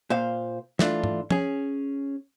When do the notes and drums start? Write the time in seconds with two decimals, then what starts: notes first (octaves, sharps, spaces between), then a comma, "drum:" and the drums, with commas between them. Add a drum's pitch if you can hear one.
0.10 A#2 C5 F5
0.79 E3 A3 D4 F4, drum: snare
1.04 drum: tom G#2
1.30 C#4 G#4, drum: tom